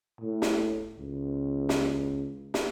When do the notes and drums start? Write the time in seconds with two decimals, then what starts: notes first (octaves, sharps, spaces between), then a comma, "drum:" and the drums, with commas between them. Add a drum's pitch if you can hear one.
0.21 A2
0.42 drum: snare
0.99 C#2
1.69 drum: snare
2.54 drum: snare